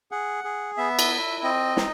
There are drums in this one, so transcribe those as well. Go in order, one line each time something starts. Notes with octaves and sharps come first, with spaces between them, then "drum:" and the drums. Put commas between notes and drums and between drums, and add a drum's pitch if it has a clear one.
G#4 F#5
G#4
B3 E5
drum: cymbal
E4
C4 D#5
D#4, drum: snare